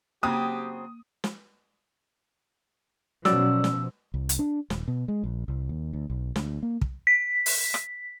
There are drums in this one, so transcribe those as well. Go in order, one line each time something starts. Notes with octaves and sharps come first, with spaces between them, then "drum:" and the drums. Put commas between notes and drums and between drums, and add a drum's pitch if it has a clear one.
C#3 F#3 A#3 C4 G4 D#6
drum: snare
B2 F3 F#3 C#4 D5 E6, drum: snare
drum: snare
C2
drum: hi-hat
D4
D#1, drum: snare
B2
G#3
A#1
C2
D#2
D2
B1
D2, drum: snare
A#3
drum: kick
B6
drum: open hi-hat
drum: rim click